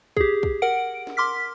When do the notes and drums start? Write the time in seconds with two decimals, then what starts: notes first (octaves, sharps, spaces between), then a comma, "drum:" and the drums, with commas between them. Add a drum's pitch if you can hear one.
0.17 G4 G#4, drum: kick
0.43 drum: kick
0.62 A#4 F#5 D7
1.07 drum: snare
1.17 C6 D6 F6 B6